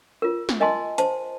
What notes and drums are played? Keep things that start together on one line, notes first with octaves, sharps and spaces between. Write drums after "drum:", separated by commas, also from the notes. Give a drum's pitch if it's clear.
F4 A#4
drum: snare
A#4 D#5 G#5 A5 C6
C5 A5, drum: hi-hat